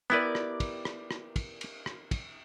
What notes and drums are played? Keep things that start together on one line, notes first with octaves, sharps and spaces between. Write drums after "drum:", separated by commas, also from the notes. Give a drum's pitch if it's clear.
B3 E4 G4 A#4 B4 D5
drum: rim click
drum: kick, cymbal
drum: rim click
drum: rim click
drum: kick, cymbal
drum: cymbal
drum: rim click
drum: kick, cymbal